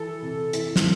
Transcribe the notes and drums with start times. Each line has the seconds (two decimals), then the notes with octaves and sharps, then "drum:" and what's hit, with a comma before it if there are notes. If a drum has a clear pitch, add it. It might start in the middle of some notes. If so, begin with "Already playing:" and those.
Already playing: E3 A4
0.22 C3
0.53 E3, drum: hi-hat
0.76 drum: snare